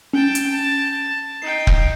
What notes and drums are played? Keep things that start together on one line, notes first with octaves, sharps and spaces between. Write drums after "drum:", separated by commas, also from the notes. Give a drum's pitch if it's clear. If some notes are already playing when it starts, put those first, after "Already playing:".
C#4 G5 A5
drum: hi-hat
A5
D#4 G5 C7
drum: kick